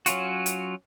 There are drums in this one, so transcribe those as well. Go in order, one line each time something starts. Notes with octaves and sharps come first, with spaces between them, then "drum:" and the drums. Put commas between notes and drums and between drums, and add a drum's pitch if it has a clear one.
F#3 C#4 F4 F#4, drum: hi-hat
drum: hi-hat